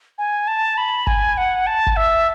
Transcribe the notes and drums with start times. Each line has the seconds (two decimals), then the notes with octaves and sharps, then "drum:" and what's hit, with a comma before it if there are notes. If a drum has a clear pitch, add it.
0.18 G#5
0.48 A5
0.78 B5
1.07 G#5, drum: kick
1.38 F#5
1.67 A5
1.87 drum: kick
1.97 E5